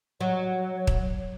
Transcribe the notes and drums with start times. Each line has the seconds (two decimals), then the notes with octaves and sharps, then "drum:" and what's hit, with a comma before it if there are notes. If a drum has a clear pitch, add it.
0.21 F#3 C#5
0.87 drum: kick